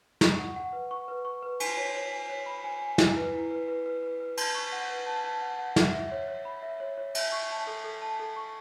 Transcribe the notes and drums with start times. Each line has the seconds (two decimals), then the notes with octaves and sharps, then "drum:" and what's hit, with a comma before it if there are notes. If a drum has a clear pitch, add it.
0.21 C#6, drum: snare
0.39 F#5
0.56 F#5
0.73 B4
0.91 C#6
1.08 B4
1.25 C#6
1.43 B4
1.60 G#5, drum: cymbal
1.77 C#5
1.95 C#5
2.12 G#5
2.29 C#5
2.46 B5
2.64 G#5
2.82 G#5
2.98 E4, drum: snare
3.16 B4
3.33 E4
3.51 B4
3.68 B4
3.86 B4
4.03 B4
4.20 B4
4.37 A5, drum: cymbal
4.55 C#6
4.72 F#5
4.90 B4
5.06 A5
5.24 A5
5.41 F#5
5.59 F#5
5.76 E5, drum: snare
5.93 E5
6.11 C#5
6.28 C#5
6.45 B5
6.63 E5
6.80 C#5
6.97 C#5
7.15 E5, drum: cymbal
7.32 C#6
7.50 A5
7.67 A4
7.84 A4
8.02 A5
8.19 A4
8.36 C#6